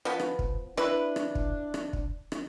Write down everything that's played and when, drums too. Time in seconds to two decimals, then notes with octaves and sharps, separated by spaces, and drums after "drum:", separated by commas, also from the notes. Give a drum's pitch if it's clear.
0.05 F3 B3
0.20 drum: rim click
0.39 drum: kick
0.77 D4 E4 B4, drum: rim click
1.16 drum: rim click
1.35 drum: kick
1.74 drum: rim click
1.93 drum: kick
2.32 drum: rim click